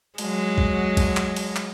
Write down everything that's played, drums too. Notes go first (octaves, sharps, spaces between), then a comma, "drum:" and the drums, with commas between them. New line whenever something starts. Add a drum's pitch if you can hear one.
F#3 G#3, drum: cymbal
drum: kick
drum: kick, cymbal
drum: clap
drum: cymbal
drum: clap